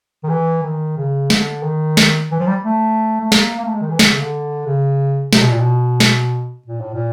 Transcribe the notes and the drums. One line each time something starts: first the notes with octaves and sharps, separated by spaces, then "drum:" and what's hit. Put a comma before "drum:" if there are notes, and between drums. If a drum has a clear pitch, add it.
D#3
E3
D#3
C#3
D3, drum: snare
D#3
drum: snare
E3
F3
G3
A3
A3
A#3, drum: snare
A#3
A3
G#3
D#3
E3
D#3, drum: snare
D3
C#3
D3
C#3
C3, drum: snare
B2
A#2
B2
drum: snare
A#2
A2
A#2